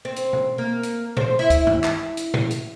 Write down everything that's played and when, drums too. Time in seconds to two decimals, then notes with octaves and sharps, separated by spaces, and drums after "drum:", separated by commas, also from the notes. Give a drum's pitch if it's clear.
0.05 C4
0.16 drum: hi-hat
0.33 drum: tom B2
0.58 A#3
0.83 drum: hi-hat
1.17 C5, drum: tom A2
1.39 E4
1.50 drum: kick, hi-hat
1.67 drum: tom
1.84 drum: clap
2.17 drum: hi-hat
2.34 drum: tom A2
2.51 drum: hi-hat